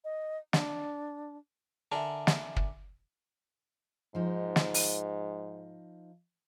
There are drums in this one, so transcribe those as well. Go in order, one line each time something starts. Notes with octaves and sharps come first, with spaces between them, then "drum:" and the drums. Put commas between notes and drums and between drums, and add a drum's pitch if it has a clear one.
D#5
D4, drum: snare
D3 D4 A#4 E5 G#5
drum: snare
drum: kick
G#2 F3 D#4
drum: snare
drum: open hi-hat